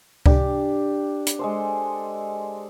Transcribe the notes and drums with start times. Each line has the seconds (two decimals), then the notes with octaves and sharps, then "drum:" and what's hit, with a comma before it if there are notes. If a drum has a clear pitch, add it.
0.26 D4 G4, drum: kick C#2
1.27 drum: hi-hat
1.39 G#3 A4 C5